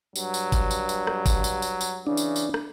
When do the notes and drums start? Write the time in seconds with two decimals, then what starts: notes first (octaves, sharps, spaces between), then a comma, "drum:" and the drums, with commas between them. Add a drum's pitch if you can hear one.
0.16 G2 F#3, drum: tambourine
0.34 drum: tambourine
0.52 drum: kick, tambourine
0.71 drum: tambourine
0.89 drum: tambourine
1.07 drum: rim click
1.26 drum: kick, tambourine
1.44 drum: tambourine
1.62 drum: tambourine
1.81 drum: tambourine
2.07 C#3 E3 D4
2.17 drum: tambourine
2.36 drum: tambourine
2.54 drum: rim click